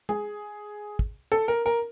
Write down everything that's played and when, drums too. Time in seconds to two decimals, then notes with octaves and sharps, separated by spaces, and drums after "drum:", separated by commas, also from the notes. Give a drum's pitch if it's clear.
0.09 G#4, drum: tom
0.99 drum: kick
1.32 A4
1.48 A#4
1.66 A#4